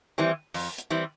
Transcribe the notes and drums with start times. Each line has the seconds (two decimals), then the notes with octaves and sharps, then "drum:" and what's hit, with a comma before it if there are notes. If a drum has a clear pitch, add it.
0.18 E3 G3 C4
0.54 F2, drum: open hi-hat
0.78 drum: hi-hat
0.90 E3 G3 C4